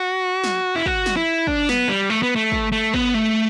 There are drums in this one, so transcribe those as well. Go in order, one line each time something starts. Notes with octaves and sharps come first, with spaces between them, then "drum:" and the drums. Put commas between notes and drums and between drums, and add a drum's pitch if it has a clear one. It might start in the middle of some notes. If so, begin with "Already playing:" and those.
Already playing: F#4
drum: snare
E4
F#4, drum: kick
drum: snare
E4
D4, drum: kick
B3, drum: snare
G3
A3
B3
A3
drum: kick
A3
B3, drum: kick
A3